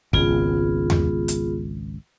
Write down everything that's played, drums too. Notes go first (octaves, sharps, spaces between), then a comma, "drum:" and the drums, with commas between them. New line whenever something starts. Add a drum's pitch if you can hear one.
G#1 C#2 B3 F4 G#4, drum: kick
drum: tom E2
drum: hi-hat